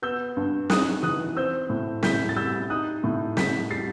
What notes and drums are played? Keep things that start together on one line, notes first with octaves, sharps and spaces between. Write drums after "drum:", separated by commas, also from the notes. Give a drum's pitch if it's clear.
B3 E6 G6
G2
D#4 D#6 F#6, drum: snare
E3 D#6 F#6
C4 E6 G6
A2
A2 G6 B6, drum: snare
A6
G3 E6 G6
D#4 D#6 F#6
A2
A2 G6 B6, drum: snare
G3 A6 C7